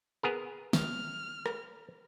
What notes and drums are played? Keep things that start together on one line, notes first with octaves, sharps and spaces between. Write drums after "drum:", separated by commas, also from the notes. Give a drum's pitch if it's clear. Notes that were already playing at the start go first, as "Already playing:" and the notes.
B3 G#4 A#4
F6, drum: snare
drum: rim click